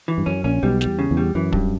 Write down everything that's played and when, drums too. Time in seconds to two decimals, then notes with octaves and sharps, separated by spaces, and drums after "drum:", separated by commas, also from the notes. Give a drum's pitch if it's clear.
0.08 E3
0.18 G2
0.26 F#2 C#4
0.44 A#1 A#2 C#4
0.63 B1 B2 G3
0.81 G3, drum: snare
0.86 E2
0.99 C#3
1.11 E2
1.17 G3
1.35 F#2 E3
1.53 G2, drum: kick